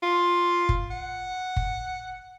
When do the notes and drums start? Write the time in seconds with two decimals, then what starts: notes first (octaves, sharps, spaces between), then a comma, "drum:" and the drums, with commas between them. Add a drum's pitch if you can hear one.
0.03 F4
0.69 drum: kick
0.91 F#5
1.56 drum: kick